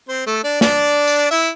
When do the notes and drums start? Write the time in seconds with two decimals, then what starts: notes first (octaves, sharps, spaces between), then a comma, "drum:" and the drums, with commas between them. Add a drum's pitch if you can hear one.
0.09 C4 C5
0.26 A3 A4
0.44 D4 D5
0.61 D4 D5, drum: snare
1.07 drum: tambourine
1.31 E4 E5